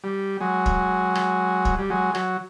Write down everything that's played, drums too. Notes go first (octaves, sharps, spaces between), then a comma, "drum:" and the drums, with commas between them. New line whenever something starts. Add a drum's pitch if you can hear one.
G3
F#3 G#3
drum: kick
drum: rim click
drum: kick
G3
F#3 G#3
F#3, drum: rim click